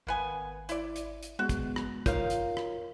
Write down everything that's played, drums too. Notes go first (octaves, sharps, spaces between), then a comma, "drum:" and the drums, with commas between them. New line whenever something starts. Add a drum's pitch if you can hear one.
G#1 A#3 B3 G#5
E4 D5, drum: hi-hat
drum: hi-hat
drum: hi-hat
G#3 B3 F#4
drum: kick, hi-hat
drum: rim click
D#4 F4 A#4 C#5 F5, drum: kick, hi-hat
drum: hi-hat
drum: rim click